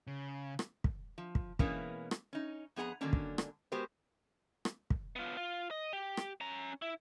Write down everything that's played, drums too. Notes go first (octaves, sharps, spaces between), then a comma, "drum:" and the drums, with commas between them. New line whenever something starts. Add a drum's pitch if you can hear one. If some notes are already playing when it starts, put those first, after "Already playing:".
C#3
drum: rim click
drum: kick
F3
drum: kick
B2 E3 G#3 A#3 B3 C#4, drum: kick
drum: rim click
C#4 D#4
F2 B3 G#4 F#5 A#5
D3 D#3 F#3 A#3 C#4 D4
drum: kick
drum: rim click
G#3 B3 F#4 G4 A#4 C5
drum: rim click
drum: kick
B3 F4
F4
D#5
G4
drum: rim click
C#4 A#5
E4